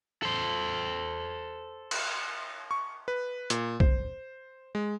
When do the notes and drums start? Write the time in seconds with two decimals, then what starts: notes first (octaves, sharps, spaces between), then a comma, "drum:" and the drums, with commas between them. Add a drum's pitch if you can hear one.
0.22 A4 C5
1.91 drum: cymbal
2.71 C#6
3.08 B4
3.50 A#2, drum: hi-hat
3.80 C5, drum: kick B1
4.75 G#3